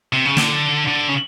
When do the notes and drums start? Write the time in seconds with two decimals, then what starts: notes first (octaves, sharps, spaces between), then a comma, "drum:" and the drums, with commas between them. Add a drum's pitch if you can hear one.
0.13 C3
0.25 C#3
0.37 D3, drum: snare
0.87 D3
1.08 C#3